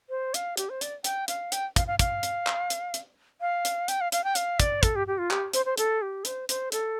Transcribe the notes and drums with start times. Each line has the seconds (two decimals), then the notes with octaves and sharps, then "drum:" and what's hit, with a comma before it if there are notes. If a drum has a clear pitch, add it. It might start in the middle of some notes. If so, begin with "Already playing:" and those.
0.10 C5
0.34 F5, drum: hi-hat
0.57 G4, drum: hi-hat
0.69 C5
0.81 D5, drum: hi-hat
1.04 G5, drum: hi-hat
1.28 F5, drum: hi-hat
1.52 G5, drum: hi-hat
1.76 F5, drum: kick, hi-hat
1.87 F5
1.99 F5, drum: kick, hi-hat
2.23 drum: hi-hat
2.47 drum: clap
2.70 drum: hi-hat
2.94 drum: hi-hat
3.41 F5
3.65 drum: hi-hat
3.88 G5, drum: hi-hat
4.01 F5
4.12 F5, drum: hi-hat
4.24 G5
4.35 F5, drum: hi-hat
4.60 D5, drum: kick, hi-hat
4.83 A4, drum: kick, hi-hat
4.96 G4
5.07 G4
5.18 F4
5.31 G4, drum: clap
5.53 C5, drum: hi-hat
5.66 C5
5.77 A4, drum: hi-hat
6.02 G4
6.25 C5, drum: hi-hat
6.49 C5, drum: hi-hat
6.72 A4, drum: hi-hat